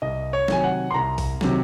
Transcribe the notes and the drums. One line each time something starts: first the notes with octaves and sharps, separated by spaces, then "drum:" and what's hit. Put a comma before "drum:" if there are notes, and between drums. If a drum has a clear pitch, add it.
C2 D#5
C#5
C3 D#3 F#3 G#5, drum: snare
F#5
C6
C2 A#5
drum: kick, open hi-hat
C3 D#3 F#3, drum: snare